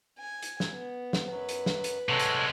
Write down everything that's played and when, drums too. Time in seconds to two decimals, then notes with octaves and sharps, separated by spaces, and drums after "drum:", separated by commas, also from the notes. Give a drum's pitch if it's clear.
0.19 G#5
0.42 drum: hi-hat
0.60 drum: snare
0.71 B3
1.13 drum: snare
1.31 F#2 F#3 B4
1.49 drum: hi-hat
1.66 drum: snare
1.84 drum: hi-hat
2.09 C3 G#3 A4 C#5 F#5
2.19 drum: hi-hat